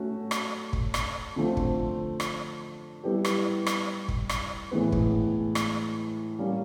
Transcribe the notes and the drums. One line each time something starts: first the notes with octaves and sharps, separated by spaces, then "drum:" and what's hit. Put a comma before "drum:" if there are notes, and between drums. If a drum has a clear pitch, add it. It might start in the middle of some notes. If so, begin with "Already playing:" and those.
Already playing: A3 C#4 F#4
drum: rim click
drum: kick
drum: rim click
D3 F3 A3 C4
drum: kick
drum: rim click
G3 B3 E4 G4 B4
drum: rim click
drum: rim click
drum: kick
drum: rim click
A2 E3 G#3 B3
drum: kick
drum: rim click
G3 A#3 C#4